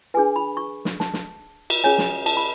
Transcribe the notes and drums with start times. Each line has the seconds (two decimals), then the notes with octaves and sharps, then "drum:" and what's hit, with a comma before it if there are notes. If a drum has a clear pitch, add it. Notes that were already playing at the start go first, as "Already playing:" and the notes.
0.14 D4 G#4 B4 G#5
0.36 B5
0.57 C#6
0.85 drum: snare
1.00 A5, drum: snare
1.13 drum: snare
1.70 drum: cymbal
1.84 C#4 G#4 C#5 G#5
1.98 drum: snare
2.26 A5, drum: cymbal
2.37 B5